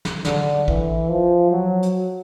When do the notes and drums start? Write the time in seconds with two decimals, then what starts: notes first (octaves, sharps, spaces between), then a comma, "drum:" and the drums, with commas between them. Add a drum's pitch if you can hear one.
0.05 drum: snare
0.25 D3, drum: snare
0.68 E3, drum: kick
1.09 F3
1.51 F#3
1.83 drum: hi-hat